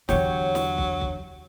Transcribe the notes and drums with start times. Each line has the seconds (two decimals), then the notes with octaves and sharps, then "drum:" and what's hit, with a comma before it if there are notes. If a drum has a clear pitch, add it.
0.09 E2 D3 F#3 G4 C#5, drum: snare
0.55 drum: snare
0.78 drum: kick
1.01 drum: kick